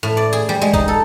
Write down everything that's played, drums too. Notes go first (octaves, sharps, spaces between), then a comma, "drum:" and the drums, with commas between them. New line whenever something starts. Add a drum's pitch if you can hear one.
A2
D5
G#4
G3
G#3
D#4, drum: kick
A4